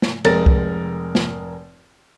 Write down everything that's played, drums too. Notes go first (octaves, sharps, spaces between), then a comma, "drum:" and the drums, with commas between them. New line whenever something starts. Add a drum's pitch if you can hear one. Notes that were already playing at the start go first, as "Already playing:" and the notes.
drum: snare
F1 G#3 A#4 A6 A#6, drum: cymbal
drum: kick
drum: snare